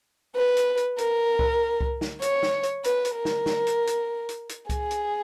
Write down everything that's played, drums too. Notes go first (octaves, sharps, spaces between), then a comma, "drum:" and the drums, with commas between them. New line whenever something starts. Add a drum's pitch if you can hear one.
B4
drum: hi-hat
drum: hi-hat
A#4, drum: hi-hat
drum: kick C2
drum: kick C2
drum: snare
C#5, drum: hi-hat
drum: snare
drum: hi-hat
B4, drum: hi-hat
drum: hi-hat
A#4
drum: snare
drum: snare
drum: hi-hat
drum: hi-hat
drum: hi-hat
drum: hi-hat
G#4, drum: kick C2, hi-hat
drum: hi-hat